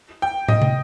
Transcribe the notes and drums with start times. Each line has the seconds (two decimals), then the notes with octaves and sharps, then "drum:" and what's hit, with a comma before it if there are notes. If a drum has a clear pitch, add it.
0.22 G5
0.48 D#5, drum: tom
0.62 drum: tom